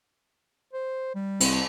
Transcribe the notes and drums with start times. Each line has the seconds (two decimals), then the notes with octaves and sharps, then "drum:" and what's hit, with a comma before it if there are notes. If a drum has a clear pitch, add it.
0.73 C5
1.15 G3
1.40 C2, drum: cymbal